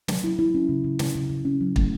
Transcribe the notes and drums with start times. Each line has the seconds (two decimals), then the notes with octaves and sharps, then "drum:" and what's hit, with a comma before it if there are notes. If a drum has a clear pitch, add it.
0.08 F#3, drum: snare
0.24 E4
0.39 E4
0.55 C#4
0.69 C#3
0.84 C#3
0.99 C#3, drum: snare
1.15 C#3
1.30 C#3
1.45 C#4
1.61 F#3
1.76 A3, drum: kick